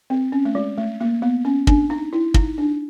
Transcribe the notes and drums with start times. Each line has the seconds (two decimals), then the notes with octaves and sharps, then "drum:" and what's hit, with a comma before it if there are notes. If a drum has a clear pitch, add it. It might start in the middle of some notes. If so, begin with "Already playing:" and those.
0.10 C4
0.32 C#4
0.45 A3
0.55 G#3
0.78 A3
1.00 A#3
1.22 B3
1.45 C#4
1.67 D4, drum: kick
1.90 D#4
2.13 E4
2.34 D#4, drum: kick
2.58 D4